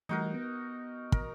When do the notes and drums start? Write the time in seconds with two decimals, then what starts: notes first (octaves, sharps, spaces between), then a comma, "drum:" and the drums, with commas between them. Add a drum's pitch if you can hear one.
0.09 E3 G3 A3 D#4 F#4 A#4
0.34 B3
1.12 A#4, drum: kick